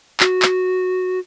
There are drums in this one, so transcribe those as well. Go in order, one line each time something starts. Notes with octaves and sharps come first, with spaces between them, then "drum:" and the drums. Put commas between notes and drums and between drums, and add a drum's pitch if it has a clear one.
F#4, drum: clap
drum: clap